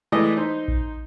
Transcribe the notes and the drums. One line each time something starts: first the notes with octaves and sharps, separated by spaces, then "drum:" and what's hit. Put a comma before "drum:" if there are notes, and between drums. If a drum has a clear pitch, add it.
E3 G#3 A3 D5 D#5
D#4 C5
drum: kick A#1